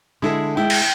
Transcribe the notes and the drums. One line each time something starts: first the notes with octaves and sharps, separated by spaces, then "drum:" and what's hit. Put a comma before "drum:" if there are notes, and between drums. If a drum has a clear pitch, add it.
D3 G#3 E4 G#4 A4
G#3 E4 G5
drum: cymbal